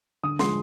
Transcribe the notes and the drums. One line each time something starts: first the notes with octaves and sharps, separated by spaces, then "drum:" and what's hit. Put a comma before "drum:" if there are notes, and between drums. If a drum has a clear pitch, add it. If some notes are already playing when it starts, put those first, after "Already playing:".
D3 D#6
F3 G#3 C6, drum: snare